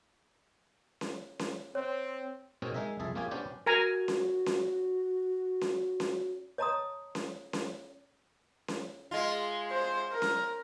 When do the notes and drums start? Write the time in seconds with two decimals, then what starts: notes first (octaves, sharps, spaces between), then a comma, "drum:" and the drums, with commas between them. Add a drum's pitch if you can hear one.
1.01 drum: snare C#4
1.39 drum: snare C#4
1.75 C4 C#5
2.62 B2 C4 C#4 D#4 G#4 A#4
2.74 G#3 D#4 G#4 A#4 D#5 E5
2.99 C2 F2 G#4 E5 A5
3.15 A#3 C#4 F4 G4 G#4 G#5
3.31 B3 C#4 D4 G4 C5 D5
3.66 F#4 A#4 G#5 A#5
4.08 drum: snare C#4
4.46 drum: snare C#4
5.61 drum: snare C#4
6.00 drum: snare C#4
6.58 C#5 D#5 A5 A#5 C6 D#6
7.15 drum: snare C#4
7.53 drum: snare C#4
8.68 drum: snare C#4
9.11 G#3 F4
9.71 C5
10.12 A#4
10.22 drum: snare C#4